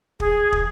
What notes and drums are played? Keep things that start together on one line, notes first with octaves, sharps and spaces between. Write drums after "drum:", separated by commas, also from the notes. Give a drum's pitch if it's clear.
G#4, drum: kick
drum: kick